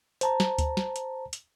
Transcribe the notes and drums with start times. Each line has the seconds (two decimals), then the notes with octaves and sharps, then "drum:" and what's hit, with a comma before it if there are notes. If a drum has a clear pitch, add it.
0.21 C5 A5 A#5, drum: hi-hat
0.40 drum: snare
0.58 drum: kick D2, hi-hat
0.77 drum: snare
0.96 drum: hi-hat
1.33 drum: hi-hat